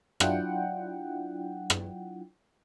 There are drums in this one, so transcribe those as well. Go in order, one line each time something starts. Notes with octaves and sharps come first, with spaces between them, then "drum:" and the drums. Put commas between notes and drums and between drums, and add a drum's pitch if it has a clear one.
F#3 D4 E4 F4 F#5 G5, drum: rim click
drum: rim click